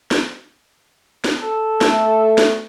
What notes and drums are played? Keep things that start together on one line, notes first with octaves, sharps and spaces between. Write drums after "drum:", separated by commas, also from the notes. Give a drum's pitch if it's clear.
drum: snare
drum: snare
A4
A3, drum: snare
drum: snare